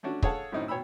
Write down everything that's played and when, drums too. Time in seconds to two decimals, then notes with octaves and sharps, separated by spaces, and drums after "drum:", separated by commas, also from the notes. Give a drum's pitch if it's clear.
0.03 A3 C#4 D4 F#4
0.22 G#4 A4 C#5 F5 F#5 A5, drum: kick
0.52 F#2 A2 C4 D#4 E4
0.68 B2 C#5 G5 B5 E6